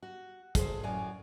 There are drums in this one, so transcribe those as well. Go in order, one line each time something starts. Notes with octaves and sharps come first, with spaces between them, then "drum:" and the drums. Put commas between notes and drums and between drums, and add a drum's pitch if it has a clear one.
F#4
G#4 A4 C5, drum: kick, hi-hat
F#2 A2 F#4 C#5 D5 G#5